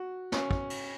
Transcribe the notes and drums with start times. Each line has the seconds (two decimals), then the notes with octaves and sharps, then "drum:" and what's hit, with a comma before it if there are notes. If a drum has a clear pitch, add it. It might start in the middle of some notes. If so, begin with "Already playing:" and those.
Already playing: F#4
0.32 C#4, drum: snare
0.51 drum: kick
0.70 drum: cymbal